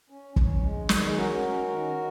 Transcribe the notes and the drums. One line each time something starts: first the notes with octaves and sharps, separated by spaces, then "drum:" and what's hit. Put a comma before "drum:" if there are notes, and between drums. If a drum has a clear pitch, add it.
C#4
C#4, drum: kick
G#3
D#3, drum: snare
G#4
C#4 F#4 A#4
C#4
D#3
D#3